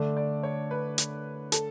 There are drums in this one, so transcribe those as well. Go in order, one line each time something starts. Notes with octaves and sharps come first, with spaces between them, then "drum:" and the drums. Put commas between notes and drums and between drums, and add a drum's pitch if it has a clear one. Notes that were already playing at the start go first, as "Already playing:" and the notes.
Already playing: D3 A3 D4
D5
C#5
B4
drum: hi-hat
A4, drum: hi-hat